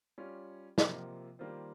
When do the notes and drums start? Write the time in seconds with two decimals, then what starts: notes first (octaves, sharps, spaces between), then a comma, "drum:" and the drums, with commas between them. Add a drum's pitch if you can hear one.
0.18 G3 C#4 F4
0.78 C3 F3 A#3 F4, drum: snare
1.39 D#3 G3 A#3 F4 C5